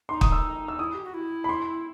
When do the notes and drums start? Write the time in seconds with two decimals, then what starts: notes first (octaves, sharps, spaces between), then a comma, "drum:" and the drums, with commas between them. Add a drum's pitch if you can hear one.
0.09 D#4 C6
0.21 D#6, drum: kick
0.32 E6
0.68 E6
0.79 E4 D#6
0.94 G4
1.04 F#4
1.14 E4
1.44 B5
1.49 C6